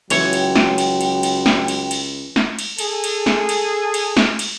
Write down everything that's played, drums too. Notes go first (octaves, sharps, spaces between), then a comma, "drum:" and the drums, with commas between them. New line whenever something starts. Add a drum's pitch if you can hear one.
C#2 E3 F#3 C#5 G5, drum: cymbal
drum: cymbal
drum: snare
drum: cymbal
drum: cymbal
drum: cymbal
drum: snare
drum: cymbal
drum: cymbal
drum: snare
drum: cymbal
G#4 A4, drum: cymbal
drum: cymbal
drum: snare
drum: cymbal
drum: cymbal
drum: snare
drum: cymbal